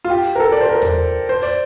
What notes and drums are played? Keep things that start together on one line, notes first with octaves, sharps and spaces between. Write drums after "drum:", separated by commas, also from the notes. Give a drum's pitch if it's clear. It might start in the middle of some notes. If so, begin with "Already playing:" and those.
F4
G4
A#4
A4
D5
C5
A#4
drum: tom E2
C5
D5